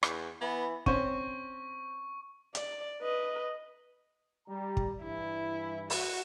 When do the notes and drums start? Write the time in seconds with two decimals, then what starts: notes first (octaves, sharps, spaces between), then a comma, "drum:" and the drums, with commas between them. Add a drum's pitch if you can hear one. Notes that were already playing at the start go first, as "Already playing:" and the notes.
0.03 E2, drum: rim click
0.41 E3 B3
0.86 C4 C#4 C5 C#6, drum: kick
2.55 D5, drum: hi-hat
3.01 B4 D#5
4.48 G3 A#5
4.77 drum: kick
5.03 G2 E3 E4
5.90 F#4, drum: open hi-hat